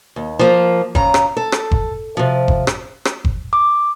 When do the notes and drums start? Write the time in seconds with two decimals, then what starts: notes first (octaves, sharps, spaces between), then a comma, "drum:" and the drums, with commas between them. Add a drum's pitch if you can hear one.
0.16 D#2
0.39 F3 A#3
0.95 C#3 A#5, drum: kick F#1
1.14 drum: rim click
1.37 A4
1.52 drum: rim click
1.71 drum: kick F#1
2.17 C3 F3
2.48 drum: kick F#1
2.67 drum: rim click
3.05 drum: rim click
3.25 drum: kick F#1
3.53 D6